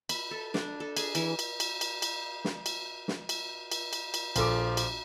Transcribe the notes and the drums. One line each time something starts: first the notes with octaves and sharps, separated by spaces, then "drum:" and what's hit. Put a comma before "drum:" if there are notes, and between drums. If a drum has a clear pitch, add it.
B5, drum: cymbal
A4
D4, drum: snare
A4
G#4, drum: cymbal
E3, drum: cymbal
drum: cymbal
drum: cymbal
drum: cymbal
drum: cymbal
drum: snare
drum: cymbal
drum: snare
drum: cymbal
drum: cymbal
drum: cymbal
drum: cymbal
A#1 F3 A4 D6, drum: cymbal
drum: cymbal